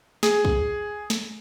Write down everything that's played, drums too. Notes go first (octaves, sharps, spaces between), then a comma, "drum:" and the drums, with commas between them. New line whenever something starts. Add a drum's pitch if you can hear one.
G#4, drum: snare
drum: kick
drum: snare